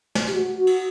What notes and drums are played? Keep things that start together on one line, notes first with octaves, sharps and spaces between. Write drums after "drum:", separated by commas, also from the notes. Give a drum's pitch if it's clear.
drum: snare
G4, drum: hi-hat
F#4
F#4
drum: cymbal